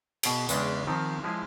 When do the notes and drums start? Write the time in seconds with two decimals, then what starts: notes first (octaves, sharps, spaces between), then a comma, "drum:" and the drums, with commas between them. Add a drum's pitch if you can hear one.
0.23 B2 G#4, drum: cymbal
0.49 E2 C#3 G#3 C#4 D4 G5, drum: hi-hat
0.87 D#3 F3 C4
1.24 F3 G#3 E4 G#4